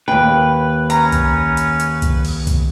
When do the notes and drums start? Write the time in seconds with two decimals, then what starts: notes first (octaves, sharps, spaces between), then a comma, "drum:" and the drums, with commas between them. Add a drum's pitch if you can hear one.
0.08 D#2 B4 G5
0.90 C#4 A#5, drum: hi-hat
1.12 drum: kick, hi-hat
1.57 drum: hi-hat
1.80 drum: hi-hat
2.02 drum: kick, hi-hat
2.24 drum: open hi-hat
2.47 drum: kick, hi-hat